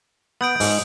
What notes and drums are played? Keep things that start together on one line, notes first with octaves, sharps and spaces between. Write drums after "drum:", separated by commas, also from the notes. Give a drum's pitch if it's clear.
B3 D#6 G6 D7
G#2, drum: open hi-hat